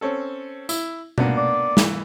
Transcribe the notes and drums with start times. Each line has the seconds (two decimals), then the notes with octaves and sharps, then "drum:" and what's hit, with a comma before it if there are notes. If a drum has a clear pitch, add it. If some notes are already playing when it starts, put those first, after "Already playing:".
0.01 C4 C#4 A4
0.69 E4, drum: tambourine
1.18 A#3 B3 D4, drum: tom B2
1.37 D5
1.77 E3, drum: snare